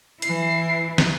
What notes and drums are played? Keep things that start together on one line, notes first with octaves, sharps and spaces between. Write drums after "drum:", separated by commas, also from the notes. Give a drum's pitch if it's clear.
E3 E4 C7, drum: hi-hat
drum: snare